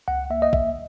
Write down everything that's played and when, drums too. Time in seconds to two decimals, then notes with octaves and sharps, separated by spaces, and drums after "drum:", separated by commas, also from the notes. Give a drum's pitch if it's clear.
0.08 C#2 F#5
0.30 A#3 E5
0.42 D#5
0.53 C#2 E5, drum: kick A#1